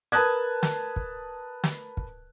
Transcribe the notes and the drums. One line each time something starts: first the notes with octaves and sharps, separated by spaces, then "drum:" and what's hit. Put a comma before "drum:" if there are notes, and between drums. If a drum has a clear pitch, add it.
A#4 B4 A5 D#6 F#6 G#6
drum: snare
drum: kick
drum: snare
drum: kick